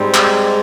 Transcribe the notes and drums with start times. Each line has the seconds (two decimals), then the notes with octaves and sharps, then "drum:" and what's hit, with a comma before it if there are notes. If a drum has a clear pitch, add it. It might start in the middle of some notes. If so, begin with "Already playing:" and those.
Already playing: G#2 G3 C4 G4
0.14 drum: clap